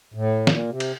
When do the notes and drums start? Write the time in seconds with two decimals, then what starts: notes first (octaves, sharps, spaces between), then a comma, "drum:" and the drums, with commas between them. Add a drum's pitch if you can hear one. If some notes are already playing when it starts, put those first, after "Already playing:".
0.14 A2
0.47 A#2, drum: snare
0.69 C3
0.80 drum: cymbal